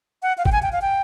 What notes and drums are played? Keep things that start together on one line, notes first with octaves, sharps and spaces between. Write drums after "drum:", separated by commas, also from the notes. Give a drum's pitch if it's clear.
F#5
F5
G5, drum: kick
G#5
G5
F5
G5